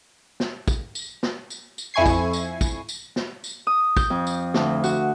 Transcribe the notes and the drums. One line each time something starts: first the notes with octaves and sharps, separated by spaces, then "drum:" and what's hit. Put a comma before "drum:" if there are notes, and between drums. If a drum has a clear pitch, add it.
drum: snare
drum: kick, tambourine
drum: tambourine
drum: snare
drum: tambourine
drum: tambourine
F2 E4 G#5 C#6 G#6 C7
drum: kick, tambourine
drum: tambourine
drum: kick, tambourine
drum: tambourine
drum: snare
drum: tambourine
D#6
G6, drum: kick, tambourine
F2
drum: tambourine
D2, drum: snare
F#4, drum: tambourine